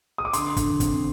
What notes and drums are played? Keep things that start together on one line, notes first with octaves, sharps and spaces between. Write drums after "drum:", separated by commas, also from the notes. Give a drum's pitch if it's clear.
D#6
D6
D3 C6, drum: hi-hat
D3, drum: kick, hi-hat
C4, drum: kick, hi-hat